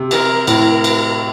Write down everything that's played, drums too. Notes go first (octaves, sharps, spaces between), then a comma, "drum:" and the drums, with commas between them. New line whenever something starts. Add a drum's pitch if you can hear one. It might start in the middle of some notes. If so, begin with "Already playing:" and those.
Already playing: C3
A#4, drum: cymbal
A2 A#4, drum: cymbal
drum: cymbal